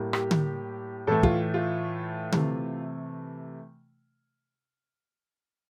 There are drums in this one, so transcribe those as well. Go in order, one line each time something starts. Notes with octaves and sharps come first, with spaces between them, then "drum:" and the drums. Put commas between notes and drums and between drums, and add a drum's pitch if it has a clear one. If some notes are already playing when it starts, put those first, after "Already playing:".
Already playing: A2 G3 A#3
G4, drum: rim click
drum: tom D3
A2 E3 A3 A4
F4, drum: kick
F4
C3 E3 A3, drum: tom D3